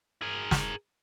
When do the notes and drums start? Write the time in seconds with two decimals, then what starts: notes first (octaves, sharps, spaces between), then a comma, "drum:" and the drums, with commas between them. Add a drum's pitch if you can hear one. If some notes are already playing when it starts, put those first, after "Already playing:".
0.22 G#4 A#4
0.51 drum: snare